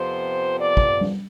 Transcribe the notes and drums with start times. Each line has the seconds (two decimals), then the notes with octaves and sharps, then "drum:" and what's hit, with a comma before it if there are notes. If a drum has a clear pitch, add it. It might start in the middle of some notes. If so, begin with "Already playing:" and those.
Already playing: F2 C3 F3 B3 C5
0.60 D5
0.77 drum: kick
1.01 drum: tom G3